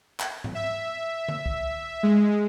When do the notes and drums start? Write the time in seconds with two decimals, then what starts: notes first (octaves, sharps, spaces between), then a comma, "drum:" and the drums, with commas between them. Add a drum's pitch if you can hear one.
0.20 drum: clap
0.44 drum: tom G#2
0.55 E5
1.28 drum: tom D3
1.46 drum: kick
2.03 G#3